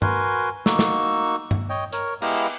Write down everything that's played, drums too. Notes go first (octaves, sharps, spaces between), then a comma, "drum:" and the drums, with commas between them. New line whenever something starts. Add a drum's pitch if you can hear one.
F#4 A#4 B4 G#5 C6, drum: tom G2
A#3 D#4 F#4 C#6 E6, drum: snare
drum: snare
drum: tom G2
C#5 D#5 G5
A#4 C#5, drum: hi-hat
G#3 B3 E4 G4 F5 A#5, drum: cymbal